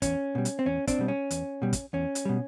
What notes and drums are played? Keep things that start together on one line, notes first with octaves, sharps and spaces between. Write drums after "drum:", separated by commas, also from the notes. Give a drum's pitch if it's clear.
E2 C#4, drum: kick, hi-hat
B2 G3
drum: hi-hat
C4
E2 C#4
C4 D4, drum: kick, hi-hat
B2 G3
C#4
E2, drum: hi-hat
B2 G3
drum: kick, hi-hat
E2 C#4
drum: hi-hat
B2 G3